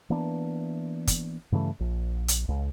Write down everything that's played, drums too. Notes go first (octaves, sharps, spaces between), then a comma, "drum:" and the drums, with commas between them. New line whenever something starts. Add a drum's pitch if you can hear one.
E3 A#3 B3 D4
drum: kick, hi-hat
G2 C#3 E3 A3
A#1
drum: hi-hat
C#2